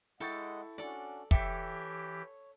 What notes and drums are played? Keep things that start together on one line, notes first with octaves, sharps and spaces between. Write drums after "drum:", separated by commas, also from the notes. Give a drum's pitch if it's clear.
G#3 E4 A4 D#5 F#5 G5 C#6 A6
C#4 D4 F#4 A4 D5
E3 G4 A4 C#5 E5 G5 B6, drum: kick